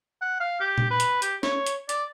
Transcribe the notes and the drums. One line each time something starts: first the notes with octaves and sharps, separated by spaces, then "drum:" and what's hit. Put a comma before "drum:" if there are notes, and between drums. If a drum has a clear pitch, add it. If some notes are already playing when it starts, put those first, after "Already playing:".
F#5
F5
G4
drum: tom A#2
B4
drum: hi-hat
G4, drum: hi-hat
C#5, drum: snare C#4
drum: hi-hat
D5, drum: hi-hat